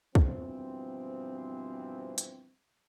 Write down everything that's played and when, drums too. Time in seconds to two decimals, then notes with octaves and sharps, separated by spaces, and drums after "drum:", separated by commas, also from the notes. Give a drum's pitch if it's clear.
0.15 G2 B2 E3 F3 C4, drum: kick
2.18 drum: hi-hat